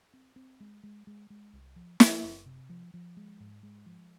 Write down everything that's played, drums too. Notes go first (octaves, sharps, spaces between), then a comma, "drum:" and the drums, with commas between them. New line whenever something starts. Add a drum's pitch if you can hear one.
C4
C4
G#3
G#3
G#3
G#3
C2
F3
F3, drum: snare
F#1
C3
F3
F3
G#3
G#2
G#3
F3